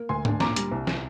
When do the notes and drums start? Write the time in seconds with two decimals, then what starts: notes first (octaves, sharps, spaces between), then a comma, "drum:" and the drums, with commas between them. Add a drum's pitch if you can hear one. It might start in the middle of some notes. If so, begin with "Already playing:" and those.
Already playing: A#3
0.09 D2 G#5 C6
0.25 D4, drum: tom
0.40 A#2 A#5 D6, drum: snare
0.56 G3, drum: hi-hat
0.71 C2
0.87 drum: snare